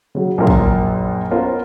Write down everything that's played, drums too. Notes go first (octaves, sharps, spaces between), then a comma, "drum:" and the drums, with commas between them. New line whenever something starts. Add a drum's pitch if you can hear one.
C#3 F#3
A#1 F#2 A#2 A#4 F5 C6
drum: kick
B3 C#4 F4 A#4 C5